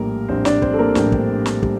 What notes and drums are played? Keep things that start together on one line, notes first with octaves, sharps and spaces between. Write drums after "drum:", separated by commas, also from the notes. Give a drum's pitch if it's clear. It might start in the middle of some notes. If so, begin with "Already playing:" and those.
Already playing: A#1 A2 G3 A#3 A#4
A#1 A2 G3 C4 C5
D4 D5, drum: snare
C4 C5, drum: kick
A4
A#3 A#4
A#1 A2 G3, drum: snare
drum: kick
drum: snare
G3, drum: kick